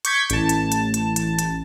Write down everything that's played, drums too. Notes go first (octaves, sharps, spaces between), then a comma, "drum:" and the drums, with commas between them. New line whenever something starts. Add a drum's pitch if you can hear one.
C#6 D6 G6 G#6 B6, drum: hi-hat
A1 A5, drum: hi-hat
drum: hi-hat
drum: hi-hat
drum: hi-hat
drum: hi-hat
drum: hi-hat